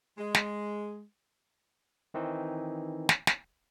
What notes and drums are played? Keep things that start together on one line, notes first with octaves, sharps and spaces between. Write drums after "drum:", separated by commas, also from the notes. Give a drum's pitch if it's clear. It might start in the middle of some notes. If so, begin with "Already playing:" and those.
G#3
drum: snare
D#3 E3 C4 D#4
drum: snare
drum: snare